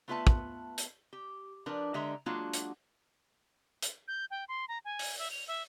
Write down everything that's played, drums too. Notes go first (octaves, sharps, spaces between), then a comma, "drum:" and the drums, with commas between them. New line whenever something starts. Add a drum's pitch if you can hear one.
A3 B3 F4 B4 E5 A5
drum: kick
drum: hi-hat
G4
F3 D4 A#4 B4
D3 G#3 G4 E5 A#5
F#3 G#3 A#3 D4 F4 F#4
drum: hi-hat
drum: hi-hat
G6
G5
C6
A#5
G#5
drum: open hi-hat
E5
F7
E5